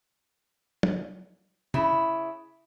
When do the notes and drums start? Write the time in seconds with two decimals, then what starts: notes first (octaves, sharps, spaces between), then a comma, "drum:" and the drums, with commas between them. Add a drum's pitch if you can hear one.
0.83 drum: tom
1.74 C#3 E4, drum: tom